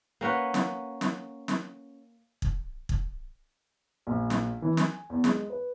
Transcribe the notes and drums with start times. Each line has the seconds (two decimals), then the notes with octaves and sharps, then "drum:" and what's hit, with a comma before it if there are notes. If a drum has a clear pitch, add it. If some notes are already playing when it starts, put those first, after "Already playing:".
0.21 A#3 C#4 B4 F#5
0.54 drum: snare
1.01 drum: snare
1.48 drum: snare
2.42 drum: kick
2.89 drum: kick
4.07 A#1
4.30 drum: snare
4.62 E3
4.77 G#5, drum: snare
5.10 E2
5.24 G#3, drum: snare
5.50 B4